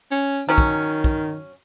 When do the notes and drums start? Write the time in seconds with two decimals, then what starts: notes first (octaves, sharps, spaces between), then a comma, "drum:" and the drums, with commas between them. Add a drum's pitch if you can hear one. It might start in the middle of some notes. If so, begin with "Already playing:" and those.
0.11 C#4, drum: tambourine
0.35 drum: tambourine
0.49 D#3 F#3 C#4
0.58 drum: kick, tambourine
0.81 drum: tambourine
1.04 drum: kick, tambourine